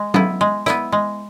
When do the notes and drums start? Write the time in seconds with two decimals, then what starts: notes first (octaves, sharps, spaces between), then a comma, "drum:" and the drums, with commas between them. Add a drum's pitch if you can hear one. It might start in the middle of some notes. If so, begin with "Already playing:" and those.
Already playing: G#3
0.14 B3 E4, drum: tom F#3
0.41 G#3
0.66 B3 E4, drum: rim click
0.92 G#3